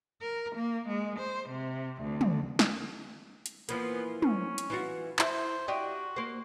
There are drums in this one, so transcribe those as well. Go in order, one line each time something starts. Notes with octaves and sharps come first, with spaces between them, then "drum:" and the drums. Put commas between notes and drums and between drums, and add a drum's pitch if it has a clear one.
A#4
A#3
G#3
C5
C3
D2
drum: tom
drum: snare
drum: hi-hat
E3 F3 A#3 B3, drum: hi-hat
C#4, drum: tom
drum: hi-hat
E3 F4 F#4
E4 C5, drum: clap
D4 F#4 G4 D#5
A#3 C5